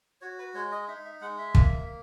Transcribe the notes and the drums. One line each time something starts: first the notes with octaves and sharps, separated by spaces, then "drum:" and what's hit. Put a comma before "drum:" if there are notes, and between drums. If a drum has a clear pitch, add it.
F#4 C#5
B4
G#3 C#5
D#5
D#4 E5
E5
G#3 F#5
E5
A#3, drum: kick